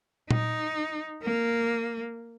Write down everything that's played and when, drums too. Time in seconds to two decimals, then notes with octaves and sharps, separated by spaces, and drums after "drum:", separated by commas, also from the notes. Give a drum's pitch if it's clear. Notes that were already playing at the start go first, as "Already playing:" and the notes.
0.31 D#4, drum: tom A#2
1.23 A#3